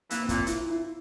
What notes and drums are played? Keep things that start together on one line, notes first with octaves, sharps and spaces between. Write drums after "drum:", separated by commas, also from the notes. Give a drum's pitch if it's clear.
E3 A#3, drum: hi-hat
C4
A#2, drum: kick, hi-hat
E4, drum: hi-hat
F4
E4